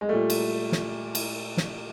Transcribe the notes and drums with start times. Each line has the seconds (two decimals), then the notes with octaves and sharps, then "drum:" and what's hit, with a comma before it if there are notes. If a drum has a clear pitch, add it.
0.01 G#3
0.09 A#2 G3 A3
0.30 drum: cymbal
0.72 drum: snare
1.15 drum: cymbal
1.57 drum: snare